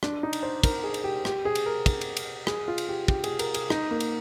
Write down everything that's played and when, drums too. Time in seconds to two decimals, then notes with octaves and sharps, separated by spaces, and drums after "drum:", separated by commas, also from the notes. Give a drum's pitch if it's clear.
0.03 D4, drum: rim click
0.23 D#4
0.33 drum: cymbal
0.43 C5
0.63 A#4, drum: kick, cymbal
0.84 G#4
0.94 drum: cymbal
1.04 G4
1.25 G4, drum: rim click
1.45 G#4
1.55 drum: cymbal
1.66 A#4
1.86 drum: kick, cymbal
2.01 drum: cymbal
2.17 drum: cymbal
2.47 G#4, drum: rim click
2.68 F4
2.78 drum: cymbal
2.89 G4
3.08 G4, drum: kick
3.24 G#4, drum: cymbal
3.39 A#4, drum: cymbal
3.54 G#4, drum: cymbal
3.70 D#4, drum: rim click
3.91 A#3
4.00 drum: cymbal